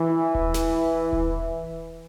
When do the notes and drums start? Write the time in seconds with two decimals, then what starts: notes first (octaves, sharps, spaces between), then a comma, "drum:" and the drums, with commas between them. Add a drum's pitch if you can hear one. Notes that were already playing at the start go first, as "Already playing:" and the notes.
Already playing: E3
0.35 drum: kick D#1
0.54 drum: snare
1.13 drum: kick D#1